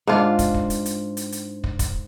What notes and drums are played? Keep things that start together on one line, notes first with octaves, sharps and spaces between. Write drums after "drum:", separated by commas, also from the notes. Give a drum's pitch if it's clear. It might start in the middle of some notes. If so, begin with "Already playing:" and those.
G#2 D4 F4
drum: kick, hi-hat
drum: kick
drum: hi-hat
drum: hi-hat
drum: hi-hat
drum: hi-hat
drum: kick
drum: kick, hi-hat